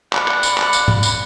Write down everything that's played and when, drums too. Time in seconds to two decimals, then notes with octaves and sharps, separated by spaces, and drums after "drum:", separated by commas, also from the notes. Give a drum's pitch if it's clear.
0.13 D5 F5 F#5 B5, drum: clap
0.28 drum: clap
0.43 drum: tambourine
0.58 drum: clap
0.73 drum: tambourine
0.88 drum: tom G#2
1.03 drum: tambourine